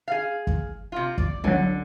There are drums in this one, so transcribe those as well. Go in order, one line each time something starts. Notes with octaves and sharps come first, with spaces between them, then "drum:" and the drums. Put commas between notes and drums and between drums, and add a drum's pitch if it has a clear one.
G#4 F5
drum: kick
C3 F4
D5, drum: kick
C#2 D3 F#3